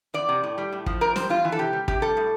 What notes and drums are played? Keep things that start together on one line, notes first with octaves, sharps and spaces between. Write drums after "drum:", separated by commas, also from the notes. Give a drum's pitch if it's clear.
E2 D5
C3
A2
G3
A2
F3, drum: kick
A2 A#4
G3 C5, drum: snare
E2 F4
E3
A4
C3 G4
G3
C3 G4, drum: kick
G3 A4
A2